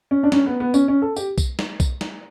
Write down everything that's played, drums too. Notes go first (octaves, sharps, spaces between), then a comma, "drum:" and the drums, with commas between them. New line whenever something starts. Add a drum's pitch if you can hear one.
C#4
D4
C#4, drum: snare
B3
B3
C#4, drum: tambourine
C#4
A4
G4, drum: tambourine
drum: kick B1, tambourine
drum: snare
drum: kick B1, tambourine
drum: snare